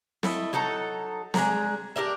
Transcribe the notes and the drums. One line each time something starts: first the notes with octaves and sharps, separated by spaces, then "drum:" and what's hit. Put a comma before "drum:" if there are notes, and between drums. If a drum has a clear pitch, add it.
A3 E4 D#5, drum: snare C4
F#3 D#4 A4 A#5
G#3 D4 G#4 A#5, drum: snare C4
D4 G4 A#4 E5